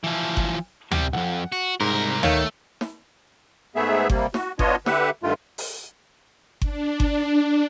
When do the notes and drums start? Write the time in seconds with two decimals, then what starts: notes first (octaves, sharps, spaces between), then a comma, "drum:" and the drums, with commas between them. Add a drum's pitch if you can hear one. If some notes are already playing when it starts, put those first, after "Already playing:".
0.04 E3 F3
0.37 drum: kick G1
0.92 C3 G3, drum: tom D2
1.13 B1 F2 F#5
1.52 F#4
1.80 C2 G#2 A#4
2.23 D#3 A3 C#5 F5, drum: tom D2
2.81 drum: snare
3.76 G#2 A3 B3 G#4 E5
4.10 C3 G3 A#3, drum: kick G1
4.34 F#4, drum: snare
4.59 B3 D4 F4 C#5 D#5, drum: kick G1
4.86 D3 G4 B4 E5 F#5, drum: snare
5.23 G2 D3 D#3 A3 F4
5.58 drum: open hi-hat
6.62 D4, drum: kick G1
7.00 drum: kick G1